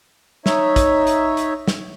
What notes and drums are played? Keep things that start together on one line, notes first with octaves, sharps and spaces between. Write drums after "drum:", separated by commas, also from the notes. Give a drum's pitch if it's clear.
D#4 C#5 E5, drum: snare
drum: kick, hi-hat
drum: hi-hat
drum: hi-hat
drum: snare